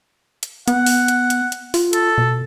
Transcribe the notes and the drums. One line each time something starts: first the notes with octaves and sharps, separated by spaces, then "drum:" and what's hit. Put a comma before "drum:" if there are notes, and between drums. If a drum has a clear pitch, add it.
drum: hi-hat
B3 F#5, drum: hi-hat
drum: open hi-hat
drum: hi-hat
drum: hi-hat
drum: hi-hat
F4, drum: open hi-hat
A4, drum: hi-hat
B2